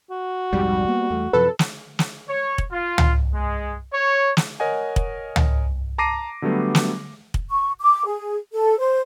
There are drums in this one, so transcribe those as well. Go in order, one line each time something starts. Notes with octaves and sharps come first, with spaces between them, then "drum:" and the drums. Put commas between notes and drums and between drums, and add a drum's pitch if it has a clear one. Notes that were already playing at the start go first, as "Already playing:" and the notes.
F#4
B1 F2 G#2 G3
A#3 B3
E2 A3
F#2 C3 F3 A4 B4
drum: snare
drum: snare
C#5
drum: kick
F4
drum: tom C#2
G#3
C#5
drum: snare
A#4 C#5 D#5 F#5 G#5
drum: kick
drum: tom C#2
A5 A#5 D6 A#6 C7 D#7
D3 F#3 G3 A3 B3
drum: snare
drum: kick
C#6
D6
G#4
A4
C5